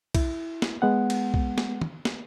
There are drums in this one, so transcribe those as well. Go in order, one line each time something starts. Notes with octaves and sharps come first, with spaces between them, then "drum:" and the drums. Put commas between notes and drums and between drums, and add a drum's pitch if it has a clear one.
E4, drum: kick, cymbal
drum: snare
G#3 B3 F#5
drum: cymbal
drum: kick
drum: snare
drum: tom
drum: snare